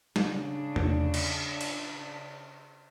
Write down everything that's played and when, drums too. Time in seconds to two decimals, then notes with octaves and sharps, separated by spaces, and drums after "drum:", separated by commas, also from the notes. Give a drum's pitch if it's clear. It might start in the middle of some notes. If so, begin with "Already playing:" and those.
0.16 C#3 D4, drum: snare
0.76 drum: tom
1.14 drum: cymbal
1.61 drum: cymbal